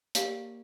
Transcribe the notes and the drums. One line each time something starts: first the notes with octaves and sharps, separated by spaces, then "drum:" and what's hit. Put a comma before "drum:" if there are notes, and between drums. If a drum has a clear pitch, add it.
A#3 G4 D5 F5, drum: hi-hat